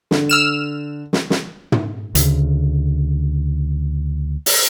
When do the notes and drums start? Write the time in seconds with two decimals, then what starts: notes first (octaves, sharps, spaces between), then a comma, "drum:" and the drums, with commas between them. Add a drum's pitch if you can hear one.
0.11 D3, drum: snare
0.29 E6 F6 E7
1.13 drum: snare
1.30 drum: snare
1.72 drum: tom
2.15 D2 C#3, drum: hi-hat
4.46 drum: open hi-hat